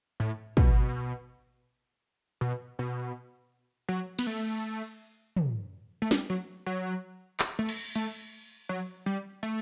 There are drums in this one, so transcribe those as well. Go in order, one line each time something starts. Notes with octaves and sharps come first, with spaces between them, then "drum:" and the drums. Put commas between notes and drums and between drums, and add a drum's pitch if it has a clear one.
A2
B2, drum: kick
B2
B2
F#3
B3, drum: cymbal
A3
drum: tom
A3
G3, drum: snare
F#3
F#3
drum: clap
A3
drum: cymbal
A3, drum: hi-hat
F#3
G3
A3